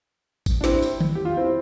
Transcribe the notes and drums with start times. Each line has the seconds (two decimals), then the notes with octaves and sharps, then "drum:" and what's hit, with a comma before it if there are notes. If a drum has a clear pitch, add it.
0.46 drum: kick G#1, tambourine
0.61 D4
0.64 C4 E4, drum: snare
0.82 drum: tambourine
1.01 drum: tom D3
1.15 G4
1.25 F4
1.36 C4 E4